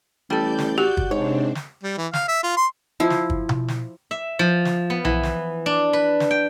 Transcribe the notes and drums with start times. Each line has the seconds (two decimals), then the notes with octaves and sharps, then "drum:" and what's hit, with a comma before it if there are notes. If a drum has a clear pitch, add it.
0.30 A1 G3 A4 D5 G6
0.58 drum: snare
0.78 F#4 G4
0.97 drum: kick
1.11 G#2 C3 C4 D4 C#5
1.55 drum: snare
1.84 G3
1.98 E3
2.13 F5, drum: snare
2.28 E5
2.43 F4
2.57 C6
3.00 F3 E4
3.10 drum: snare
3.30 drum: kick
3.49 drum: tom B2
3.68 drum: snare
4.11 E5
4.39 F3
4.65 drum: snare
4.90 B3
5.05 E3, drum: tom B1
5.23 drum: snare
5.66 D4
5.93 B4
6.20 drum: snare
6.31 G5